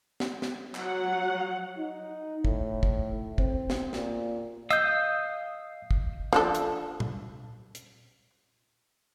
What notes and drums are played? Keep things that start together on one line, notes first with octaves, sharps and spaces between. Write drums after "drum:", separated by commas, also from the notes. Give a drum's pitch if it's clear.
drum: snare
drum: snare
F#3 F#5, drum: clap
D#4
A2, drum: kick
drum: kick
C4, drum: kick
drum: snare
A#2, drum: snare
D#5 F5 D#6 E6 G6, drum: hi-hat
drum: kick
F3 D4 A4, drum: snare
drum: hi-hat
drum: tom A#2
drum: hi-hat